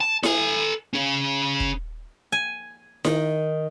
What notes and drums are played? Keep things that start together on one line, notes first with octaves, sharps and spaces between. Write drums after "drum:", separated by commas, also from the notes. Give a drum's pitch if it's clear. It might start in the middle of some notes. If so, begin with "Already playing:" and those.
A5
A4 G#5, drum: snare E4
C#4 G#4
drum: kick
G#5
D#3, drum: snare E4